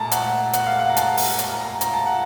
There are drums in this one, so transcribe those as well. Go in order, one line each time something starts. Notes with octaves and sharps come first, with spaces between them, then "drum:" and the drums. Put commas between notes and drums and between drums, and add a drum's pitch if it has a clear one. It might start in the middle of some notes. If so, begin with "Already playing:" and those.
Already playing: A#2 A3 A5 A#5
F#5, drum: hi-hat
F#5, drum: hi-hat
F5
F#5
A#5
A5, drum: hi-hat
drum: open hi-hat
A#5, drum: hi-hat
A#5
A#5, drum: hi-hat
A5
F#5